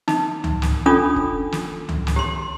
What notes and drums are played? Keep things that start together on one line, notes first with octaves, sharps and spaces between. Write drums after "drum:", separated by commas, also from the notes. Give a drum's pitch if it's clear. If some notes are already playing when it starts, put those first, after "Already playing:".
D#4, drum: snare
drum: tom C#2
drum: snare
C#4 D4 F4 A4 D#6
drum: kick F#1
drum: snare
drum: tom C#2
drum: snare
G4 C6